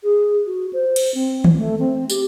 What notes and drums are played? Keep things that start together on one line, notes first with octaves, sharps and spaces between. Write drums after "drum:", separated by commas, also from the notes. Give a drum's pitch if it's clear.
G#4
F#4
C5
drum: cymbal
C4
drum: tom D#3
A3
C4
G4, drum: tambourine